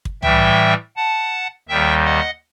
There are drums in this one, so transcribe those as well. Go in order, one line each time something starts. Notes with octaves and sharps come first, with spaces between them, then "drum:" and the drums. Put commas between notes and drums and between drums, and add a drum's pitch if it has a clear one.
drum: kick
A2 E3 G3 E5 G5, drum: tom C2
F#5 A5
D#2 D#3 G3 E5 G5
D#5 F#5